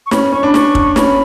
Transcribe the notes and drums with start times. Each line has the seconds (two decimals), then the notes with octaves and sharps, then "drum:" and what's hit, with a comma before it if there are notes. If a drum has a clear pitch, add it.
0.06 C#6
0.11 C#4 B5, drum: snare
0.32 C#4 C#6
0.43 D4 B5
0.54 C#6, drum: snare
0.75 drum: kick
0.96 C#4 B5, drum: snare